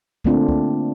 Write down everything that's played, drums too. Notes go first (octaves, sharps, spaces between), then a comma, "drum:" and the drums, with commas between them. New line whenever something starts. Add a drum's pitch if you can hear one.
D3 A3 A#3 C4 D4 F4, drum: kick
drum: kick